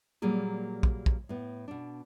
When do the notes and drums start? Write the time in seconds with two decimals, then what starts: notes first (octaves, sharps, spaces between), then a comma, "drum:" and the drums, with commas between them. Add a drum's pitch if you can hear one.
0.22 A#2 F#3 G3 A#3 G#4
0.83 drum: kick
1.06 drum: kick
1.29 A2 B3
1.68 B2 D4